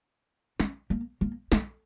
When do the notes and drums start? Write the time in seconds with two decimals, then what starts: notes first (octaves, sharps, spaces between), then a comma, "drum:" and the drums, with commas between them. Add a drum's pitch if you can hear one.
0.60 C#4, drum: snare
0.90 A#3
1.21 A#3
1.52 A3, drum: snare